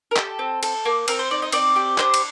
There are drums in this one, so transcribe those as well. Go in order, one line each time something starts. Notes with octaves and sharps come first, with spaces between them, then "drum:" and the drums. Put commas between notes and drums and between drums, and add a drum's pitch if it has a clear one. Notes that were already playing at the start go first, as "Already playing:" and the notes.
A#4
G4 A4, drum: clap
C4
A4, drum: cymbal
A#3
C4 A#4, drum: cymbal
C5
D#4 D5
D#5
C4 D5, drum: cymbal
G4
D4 C5, drum: clap
drum: cymbal